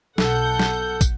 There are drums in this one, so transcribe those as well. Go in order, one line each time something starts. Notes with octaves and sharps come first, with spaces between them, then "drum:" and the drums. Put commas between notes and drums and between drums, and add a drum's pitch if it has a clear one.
B1 A4 F#5 G6, drum: snare
drum: snare
drum: kick, tambourine